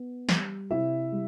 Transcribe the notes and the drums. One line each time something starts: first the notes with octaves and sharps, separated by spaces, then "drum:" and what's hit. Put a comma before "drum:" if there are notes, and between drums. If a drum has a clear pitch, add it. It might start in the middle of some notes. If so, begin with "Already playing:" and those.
Already playing: B3
G3, drum: snare
C3 E4 E5
G3